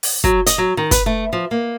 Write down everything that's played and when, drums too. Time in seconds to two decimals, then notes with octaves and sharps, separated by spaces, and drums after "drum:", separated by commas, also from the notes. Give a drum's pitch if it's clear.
0.03 drum: open hi-hat
0.24 F#3, drum: kick
0.46 D#5, drum: hi-hat
0.58 F#3
0.77 D#3
0.91 B4, drum: kick, hi-hat
1.06 A3
1.33 F3
1.51 A#3